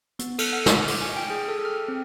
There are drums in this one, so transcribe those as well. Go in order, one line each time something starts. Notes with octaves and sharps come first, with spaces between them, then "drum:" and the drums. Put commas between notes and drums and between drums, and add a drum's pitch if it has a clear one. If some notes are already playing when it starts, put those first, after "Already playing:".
B3, drum: hi-hat
A4, drum: cymbal
F#5
C#6, drum: snare
D6, drum: open hi-hat
G#5
G5
G#4
A4
F6
C4